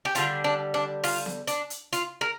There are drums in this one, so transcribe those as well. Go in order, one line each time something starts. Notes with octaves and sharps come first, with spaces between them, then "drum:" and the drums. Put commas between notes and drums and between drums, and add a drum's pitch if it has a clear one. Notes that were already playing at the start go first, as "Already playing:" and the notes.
G4
D3 G3 D4 F4, drum: hi-hat
D4
D4
F4, drum: open hi-hat
drum: snare B3
D4, drum: hi-hat
drum: hi-hat
F4, drum: hi-hat
A#4